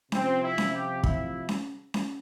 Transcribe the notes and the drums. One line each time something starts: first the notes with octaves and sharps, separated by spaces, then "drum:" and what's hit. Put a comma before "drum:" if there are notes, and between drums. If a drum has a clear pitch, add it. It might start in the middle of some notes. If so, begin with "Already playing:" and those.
C3 F3 C4, drum: snare C#4
E4
drum: snare C#4
G4
E4, drum: kick
drum: snare C#4
drum: snare C#4